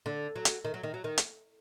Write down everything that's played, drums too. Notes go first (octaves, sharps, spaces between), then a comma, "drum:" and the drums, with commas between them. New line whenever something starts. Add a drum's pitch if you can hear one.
D3
F#3
drum: hi-hat
D#3
F#3
D#3
F#3
D#3
drum: hi-hat